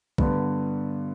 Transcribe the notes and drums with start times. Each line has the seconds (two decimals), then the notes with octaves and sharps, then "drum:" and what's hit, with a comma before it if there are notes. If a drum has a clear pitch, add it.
0.18 G2 D3 B3, drum: kick